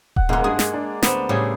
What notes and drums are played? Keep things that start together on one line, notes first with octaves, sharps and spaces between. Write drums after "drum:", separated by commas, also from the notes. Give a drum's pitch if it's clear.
F#5, drum: kick D#1
F#1 B2 G#3 A#3 F4 F#5
G2 G#4 D#6
drum: snare
D4
D2 B3 C4, drum: snare
A2 C#3 G3 G#4